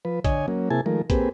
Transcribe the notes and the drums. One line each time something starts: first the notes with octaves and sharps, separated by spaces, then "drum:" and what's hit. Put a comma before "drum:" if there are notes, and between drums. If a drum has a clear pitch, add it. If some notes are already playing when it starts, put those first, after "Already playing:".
F3 B4
D3 C#5 D#5 G#5, drum: kick A#1, hi-hat
F#3 A#3 C#4
C3 A#3 E4 G#4 G#5 A5
D#3 F3 G#3 A3 A#4
A#3 C4 G4 G#4 B4, drum: kick A#1, hi-hat